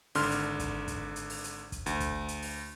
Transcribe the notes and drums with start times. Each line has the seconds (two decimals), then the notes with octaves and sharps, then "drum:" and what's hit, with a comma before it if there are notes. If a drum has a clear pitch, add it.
0.15 G#1 D3 C6 F6, drum: open hi-hat
0.31 drum: hi-hat
0.59 drum: kick, hi-hat
0.88 drum: kick, hi-hat
1.16 drum: hi-hat
1.30 drum: open hi-hat
1.44 drum: hi-hat
1.72 drum: kick, hi-hat
1.86 D2, drum: hi-hat
2.00 drum: kick, hi-hat
2.28 drum: hi-hat
2.42 drum: open hi-hat